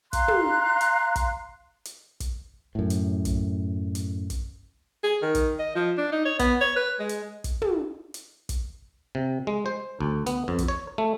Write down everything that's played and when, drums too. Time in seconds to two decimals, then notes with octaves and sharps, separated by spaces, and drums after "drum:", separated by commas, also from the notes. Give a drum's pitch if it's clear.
0.13 F5 A#5 C6 F#6, drum: kick, hi-hat
0.28 drum: tom
0.81 drum: hi-hat
1.16 drum: kick, hi-hat
1.85 drum: hi-hat
2.20 drum: kick, hi-hat
2.75 F#2 A2
2.90 drum: hi-hat
3.25 drum: kick, hi-hat
3.95 drum: hi-hat
4.30 drum: kick, hi-hat
5.04 G#4
5.22 D#3
5.35 drum: kick, hi-hat
5.59 D#5
5.75 F3
5.98 D4
6.12 D#4
6.25 C#5
6.39 B3, drum: kick, hi-hat
6.61 C#5
6.76 B4
6.99 G#3
7.09 drum: hi-hat
7.44 drum: kick, hi-hat
7.62 drum: tom
8.14 drum: hi-hat
8.49 drum: kick, hi-hat
9.15 C3
9.47 G#3
9.66 C5
10.01 D2
10.26 B3, drum: hi-hat
10.48 F2
10.58 drum: kick, hi-hat
10.68 C#5
10.98 A3